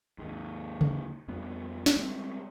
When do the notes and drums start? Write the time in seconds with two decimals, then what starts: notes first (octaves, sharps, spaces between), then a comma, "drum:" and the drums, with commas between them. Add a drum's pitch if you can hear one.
0.18 D#2 G#2
0.81 drum: tom C#3
1.28 F2 G3 B3
1.86 drum: snare
1.96 G3 G#3 A#3 C4